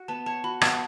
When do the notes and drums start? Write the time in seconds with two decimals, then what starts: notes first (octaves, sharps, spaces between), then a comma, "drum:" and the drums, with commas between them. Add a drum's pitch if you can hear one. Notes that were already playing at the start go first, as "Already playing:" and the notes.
Already playing: F#4
0.08 B3 A5
0.26 C#5 A5
0.44 F#4 B5
0.61 B3 A5, drum: rim click